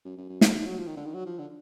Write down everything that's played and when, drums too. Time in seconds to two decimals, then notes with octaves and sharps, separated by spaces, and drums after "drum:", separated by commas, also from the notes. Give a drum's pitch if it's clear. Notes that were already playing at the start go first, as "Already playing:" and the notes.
0.05 F#2
0.17 F#2
0.29 F#2
0.41 A#2, drum: snare
0.54 G#2
0.66 F#3
0.78 F3
0.87 D#3
0.97 D3
1.06 D#3
1.14 F#3
1.26 F3
1.39 D3